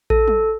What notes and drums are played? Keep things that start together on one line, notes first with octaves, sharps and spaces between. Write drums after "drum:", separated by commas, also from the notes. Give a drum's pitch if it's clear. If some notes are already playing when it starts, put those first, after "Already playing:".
A4, drum: kick A1
drum: tom F#3